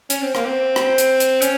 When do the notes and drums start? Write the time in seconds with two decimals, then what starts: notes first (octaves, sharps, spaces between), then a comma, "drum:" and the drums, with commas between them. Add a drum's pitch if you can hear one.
0.10 C#4, drum: hi-hat
0.23 C4
0.35 A#3, drum: rim click
0.46 C4
0.76 drum: rim click
0.98 drum: hi-hat
1.20 drum: hi-hat
1.42 C#4, drum: hi-hat